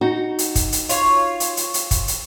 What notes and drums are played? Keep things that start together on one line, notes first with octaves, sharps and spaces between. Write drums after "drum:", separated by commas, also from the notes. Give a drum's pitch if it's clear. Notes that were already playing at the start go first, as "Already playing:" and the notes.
D#4 F#4
drum: hi-hat
drum: kick, hi-hat
drum: hi-hat
F4 C#5, drum: hi-hat
drum: hi-hat
drum: hi-hat
drum: hi-hat
drum: kick, hi-hat
drum: hi-hat